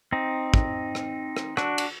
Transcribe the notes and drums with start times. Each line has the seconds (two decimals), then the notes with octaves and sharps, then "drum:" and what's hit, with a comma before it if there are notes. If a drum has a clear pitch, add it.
0.13 C4 D#4
0.54 drum: kick
0.95 drum: rim click
1.37 drum: rim click
1.57 D4 F#4, drum: rim click
1.78 drum: cymbal